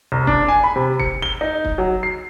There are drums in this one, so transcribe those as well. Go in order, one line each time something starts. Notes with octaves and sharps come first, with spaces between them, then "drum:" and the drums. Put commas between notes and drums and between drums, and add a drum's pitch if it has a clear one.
C2
D4, drum: kick
G#5
B5
C3
C#7, drum: kick
G7
D#4
drum: kick
F#3
C7